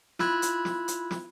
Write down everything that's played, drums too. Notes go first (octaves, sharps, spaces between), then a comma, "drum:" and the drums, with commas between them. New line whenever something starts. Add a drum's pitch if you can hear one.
E4 F4 B5 E6 F#6 G#6, drum: snare
drum: hi-hat
drum: snare
drum: hi-hat
drum: snare